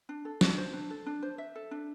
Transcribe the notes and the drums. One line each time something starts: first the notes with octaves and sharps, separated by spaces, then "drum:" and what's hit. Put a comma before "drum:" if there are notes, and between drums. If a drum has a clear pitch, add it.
D4
A4
D4, drum: snare
C5
D4
A4
D4
C5
E5
A4
D4